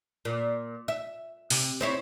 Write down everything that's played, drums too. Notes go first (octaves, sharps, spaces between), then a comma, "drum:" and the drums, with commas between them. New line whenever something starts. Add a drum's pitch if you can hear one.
A#2
E5
C3, drum: open hi-hat
C4 E4 C#5